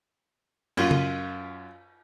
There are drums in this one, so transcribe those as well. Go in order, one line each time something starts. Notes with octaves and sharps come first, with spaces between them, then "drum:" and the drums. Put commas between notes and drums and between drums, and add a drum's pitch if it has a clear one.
F#2 F4, drum: cymbal
drum: tom C#3